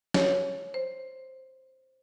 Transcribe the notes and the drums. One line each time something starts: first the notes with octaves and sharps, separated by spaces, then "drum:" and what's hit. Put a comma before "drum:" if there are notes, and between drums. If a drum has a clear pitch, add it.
C#5, drum: snare
C5